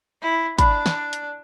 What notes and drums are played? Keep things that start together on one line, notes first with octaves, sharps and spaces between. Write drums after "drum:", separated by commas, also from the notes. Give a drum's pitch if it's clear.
E4
D4 B5, drum: kick, hi-hat
drum: snare
drum: hi-hat